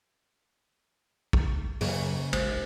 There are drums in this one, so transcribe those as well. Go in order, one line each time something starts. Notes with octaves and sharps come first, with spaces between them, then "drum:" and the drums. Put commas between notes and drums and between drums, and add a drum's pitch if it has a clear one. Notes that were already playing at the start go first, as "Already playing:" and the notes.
drum: kick
F#2 C#3 F#3 A#3 G#4, drum: open hi-hat
E1 A1 E2 G#3 C5, drum: cymbal